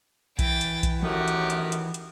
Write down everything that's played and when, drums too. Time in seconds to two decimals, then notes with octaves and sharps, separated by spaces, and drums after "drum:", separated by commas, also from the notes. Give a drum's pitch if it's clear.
0.39 E3 G5 A6, drum: kick A#1, hi-hat
0.61 drum: hi-hat
0.83 drum: kick A#1, hi-hat
1.03 F#2 A2 D#3 F#4 G4, drum: tom D#3
1.28 drum: hi-hat
1.50 drum: hi-hat
1.72 drum: hi-hat
1.94 drum: hi-hat